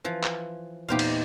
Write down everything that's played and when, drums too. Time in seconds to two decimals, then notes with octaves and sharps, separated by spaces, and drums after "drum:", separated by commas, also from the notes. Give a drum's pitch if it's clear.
0.04 E3 F3
0.23 drum: clap
0.89 E2 A#2 D#4 G4 C5 F5
0.99 drum: cymbal